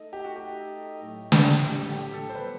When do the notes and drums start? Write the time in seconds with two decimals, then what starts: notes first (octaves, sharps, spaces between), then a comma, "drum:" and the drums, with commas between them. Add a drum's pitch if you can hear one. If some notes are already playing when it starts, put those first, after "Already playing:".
Already playing: A3 D#4 A4 D#5
0.13 G4
0.24 F#4
0.36 G4
1.02 A2 F#3 A3
1.32 drum: snare
1.69 G4
1.86 A4
1.92 G4
2.13 A4
2.29 C5
2.35 E3 G3 B3 B4